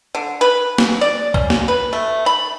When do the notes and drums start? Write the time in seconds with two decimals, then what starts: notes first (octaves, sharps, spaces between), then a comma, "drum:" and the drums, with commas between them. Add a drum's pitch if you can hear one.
0.15 D3
0.41 B4
0.78 drum: snare
1.01 D5
1.34 C#4, drum: kick C2
1.50 drum: snare
1.68 B4
1.93 A3
2.26 B5